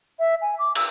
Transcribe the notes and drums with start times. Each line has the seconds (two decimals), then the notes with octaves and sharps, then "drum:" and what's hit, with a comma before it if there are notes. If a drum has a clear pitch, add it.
0.19 E5
0.42 G#5
0.59 D6
0.75 E6, drum: cymbal